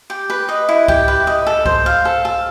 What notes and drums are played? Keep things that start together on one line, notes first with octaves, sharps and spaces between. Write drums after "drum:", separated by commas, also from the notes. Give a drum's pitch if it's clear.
G4
B4
D#5
E4
G4, drum: kick C2
B4
D#5
A4
C5, drum: kick C2
F5
A4
A4